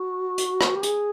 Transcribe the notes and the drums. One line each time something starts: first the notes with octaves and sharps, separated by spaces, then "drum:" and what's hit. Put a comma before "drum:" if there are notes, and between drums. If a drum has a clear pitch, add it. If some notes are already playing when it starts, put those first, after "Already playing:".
Already playing: F#4
drum: hi-hat
drum: rim click
G4
G#4, drum: hi-hat